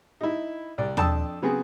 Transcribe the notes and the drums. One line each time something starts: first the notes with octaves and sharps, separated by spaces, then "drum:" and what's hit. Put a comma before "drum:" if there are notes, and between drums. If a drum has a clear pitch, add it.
D#4 E4
C2 D5
F2 D4 G5 A5 D#6 E6, drum: tom D#2
C#3 F#3 B3 C4 F#4 G#4